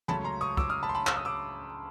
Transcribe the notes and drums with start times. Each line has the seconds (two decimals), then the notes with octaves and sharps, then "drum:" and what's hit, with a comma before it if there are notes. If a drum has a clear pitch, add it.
0.08 C#2 C#3 F#3 A3 C#4 A5 B5, drum: tom
0.24 A#5 C6
0.41 C#6 D#6
0.57 D6 E6, drum: kick
0.70 D#6 F6
0.83 A5 B5
0.89 C6
0.95 A5 B5
1.07 E6, drum: clap
1.17 D#6
1.25 D6 E6